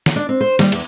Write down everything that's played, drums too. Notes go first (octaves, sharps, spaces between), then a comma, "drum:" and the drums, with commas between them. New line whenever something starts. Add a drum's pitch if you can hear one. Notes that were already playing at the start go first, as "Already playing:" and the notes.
drum: snare
D4
C4
C5
G3, drum: snare
E2, drum: cymbal